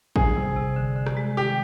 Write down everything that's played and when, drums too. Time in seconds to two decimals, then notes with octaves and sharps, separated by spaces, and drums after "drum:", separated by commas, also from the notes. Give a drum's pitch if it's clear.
0.16 G3 G#4, drum: kick
0.36 C3
0.56 C3
0.76 D3
0.96 D3
1.06 drum: rim click
1.17 G#3
1.37 D#3 G4